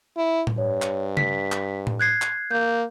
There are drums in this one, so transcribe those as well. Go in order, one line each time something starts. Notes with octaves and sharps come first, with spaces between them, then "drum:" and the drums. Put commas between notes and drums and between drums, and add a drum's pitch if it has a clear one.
E4
drum: tom A2
G2 C#5
drum: clap
B6, drum: tom C#3
drum: clap
drum: tom A2
F#6 G#6 C7
drum: clap
A#3 G6